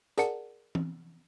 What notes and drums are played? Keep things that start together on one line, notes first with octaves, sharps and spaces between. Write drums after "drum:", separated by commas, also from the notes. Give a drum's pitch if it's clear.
G#4 A#4 D5 F#5 A5 C#7, drum: hi-hat
drum: tom E3